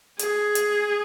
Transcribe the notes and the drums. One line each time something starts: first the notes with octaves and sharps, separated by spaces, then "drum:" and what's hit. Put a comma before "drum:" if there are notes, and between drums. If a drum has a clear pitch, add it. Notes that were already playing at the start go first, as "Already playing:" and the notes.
G#4, drum: hi-hat
drum: hi-hat